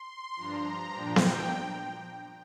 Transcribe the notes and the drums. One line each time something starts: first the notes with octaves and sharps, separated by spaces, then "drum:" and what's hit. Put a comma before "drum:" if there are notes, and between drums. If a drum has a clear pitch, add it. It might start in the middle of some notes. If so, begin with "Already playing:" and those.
Already playing: C6
G2 F3 D4 A#5
A#2 F3 D4 G5
drum: snare B3